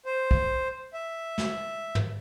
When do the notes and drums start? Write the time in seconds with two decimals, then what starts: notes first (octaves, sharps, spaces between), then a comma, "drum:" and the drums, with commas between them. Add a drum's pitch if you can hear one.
0.05 C5
0.31 drum: kick
0.93 E5
1.38 drum: snare
1.95 drum: tom